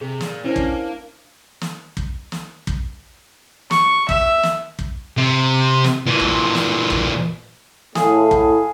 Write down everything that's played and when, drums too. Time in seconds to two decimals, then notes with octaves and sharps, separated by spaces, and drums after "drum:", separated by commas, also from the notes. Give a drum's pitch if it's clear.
0.01 C3 G#4
0.21 A#2, drum: snare
0.44 A#3 C#4 D4 E4 C5
0.56 drum: kick
1.61 drum: snare
1.97 drum: kick
2.32 drum: snare
2.67 drum: kick
3.71 C#6, drum: snare
4.09 E5, drum: kick
4.43 drum: snare
4.79 drum: kick
5.17 C3
5.84 drum: snare
6.06 A#2 E3
6.20 drum: kick
6.55 drum: snare
6.90 drum: kick
7.95 A2 G#4 F5, drum: snare
8.31 drum: kick